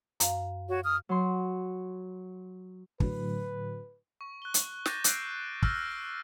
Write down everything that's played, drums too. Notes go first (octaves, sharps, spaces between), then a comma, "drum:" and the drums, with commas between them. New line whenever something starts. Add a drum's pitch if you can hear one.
F#2 F5, drum: hi-hat
F#4 C#5
D#6 F6
F#3 C6
A2 D3 F#3 B4, drum: kick
C#6
F#6 G7
drum: hi-hat
D6 F#6 G6 A6 A#6 D#7, drum: snare
D6 E6 F#6 G6 C7 D7, drum: hi-hat
E6 F6 G6 A#6, drum: kick